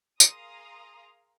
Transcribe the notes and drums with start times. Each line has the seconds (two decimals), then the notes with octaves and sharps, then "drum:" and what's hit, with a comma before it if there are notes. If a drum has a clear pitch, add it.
0.20 G#4 A#4 F5 A#5 C6 D#6, drum: tambourine